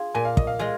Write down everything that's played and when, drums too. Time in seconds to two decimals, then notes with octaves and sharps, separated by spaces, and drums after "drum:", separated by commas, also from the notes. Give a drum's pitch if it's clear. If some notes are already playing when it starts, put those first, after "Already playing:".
Already playing: F4 G#4
0.15 A#2 G#5
0.25 F5
0.37 D#5, drum: kick
0.47 F5
0.59 G#3 F4 G#4